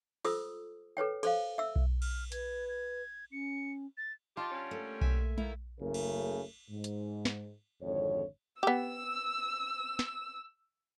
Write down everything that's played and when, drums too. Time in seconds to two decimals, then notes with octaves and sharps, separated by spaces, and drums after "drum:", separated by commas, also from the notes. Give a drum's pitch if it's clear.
0.25 F4 A4 C5 D#6 E6, drum: open hi-hat
0.97 A4 B4 C#5 G5
1.23 A4 C5 F5, drum: cymbal
1.58 E5 E6
1.76 drum: kick B1
2.02 F6, drum: cymbal
2.32 B4 G#6, drum: hi-hat
2.69 G#6
3.32 C#4 C#7
3.97 A6
4.37 D#4 F4 G4 A5
4.52 D3 G3 C#4
4.71 A3 A#3
5.01 E5 G#5, drum: kick B1
5.38 D#3 A#3 E4 A#5, drum: tom G#3
5.80 F#1 C#3 A3 A#4
5.94 drum: cymbal
6.70 G#2
6.84 drum: hi-hat
7.25 drum: snare
7.83 G#1 F2 D3 C#5
8.63 B3 G4 E6
9.99 drum: snare